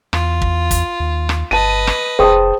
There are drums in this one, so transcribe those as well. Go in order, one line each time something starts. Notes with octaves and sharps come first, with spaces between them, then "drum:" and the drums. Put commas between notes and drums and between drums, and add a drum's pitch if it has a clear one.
E2 F4, drum: rim click
drum: kick
drum: kick, hi-hat
D#2
drum: rim click
G1 B4 D#5 A5 D#7
drum: rim click
F1 G#4 C5 G5 A5 D#6